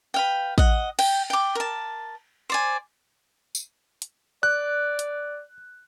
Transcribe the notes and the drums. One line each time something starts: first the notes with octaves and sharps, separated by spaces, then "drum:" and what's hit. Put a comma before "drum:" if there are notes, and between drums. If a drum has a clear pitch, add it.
B4 F5 G5
D#5 F#5, drum: kick
G5, drum: cymbal
G5 D6
A#4 A5
C5 D5 G#5
drum: tambourine
drum: hi-hat
D5 F#6
drum: hi-hat